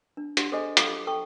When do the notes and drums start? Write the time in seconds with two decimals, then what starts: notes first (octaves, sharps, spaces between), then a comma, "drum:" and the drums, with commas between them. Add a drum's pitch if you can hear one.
0.17 D4
0.37 D4 G4 F#5 C6, drum: hi-hat
0.52 G#4 A4 C5 D5 D#5 G#5
0.77 F4 G4 A4 F5 F#5 D6, drum: hi-hat
0.93 G#4
1.07 A4 G5 A5 C#6